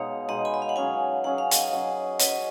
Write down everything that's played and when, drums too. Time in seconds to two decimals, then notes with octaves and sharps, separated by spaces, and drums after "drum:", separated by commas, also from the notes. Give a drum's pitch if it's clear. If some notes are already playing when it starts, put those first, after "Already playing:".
Already playing: B2 G#3 D#4 C#5 F5
0.29 B2 G#3 D#4 D#5 F#5
0.45 G#5 B5
0.54 D#5
0.62 F5
0.69 F#5
0.76 F#3 C#4 G#4 F5 G#5
1.24 F#3 C#4 G#4 F#5
1.38 F5
1.51 D#5 F#5, drum: hi-hat
1.73 F#3 C#4 G#4
2.19 F#3 C#4 G#4 B4 D#5, drum: hi-hat